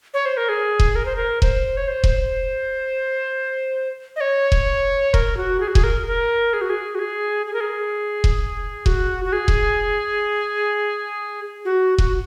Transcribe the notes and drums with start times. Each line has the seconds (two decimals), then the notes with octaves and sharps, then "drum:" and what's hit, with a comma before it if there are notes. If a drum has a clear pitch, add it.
0.14 C#5
0.26 C5
0.37 A#4
0.49 G#4
0.79 drum: kick E1
0.96 A#4
1.05 C5
1.16 A#4
1.42 C5, drum: kick E1
1.77 C#5
1.88 C5
2.04 drum: kick E1
4.16 D#5
4.21 C#5
4.52 drum: kick E1
5.14 A#4, drum: kick E1
5.37 F#4
5.60 G#4
5.68 F#4
5.75 G#4, drum: kick E1
5.84 A#4
6.07 A#4
6.53 G#4
6.61 F#4
6.70 G#4
6.95 F#4
6.99 G#4
7.46 G#4
7.53 A#4
7.61 G#4
8.24 drum: kick E1
8.86 F#4, drum: kick E1
9.24 F#4
9.33 G#4
9.48 drum: kick E1
11.65 F#4
11.98 F#4, drum: kick E1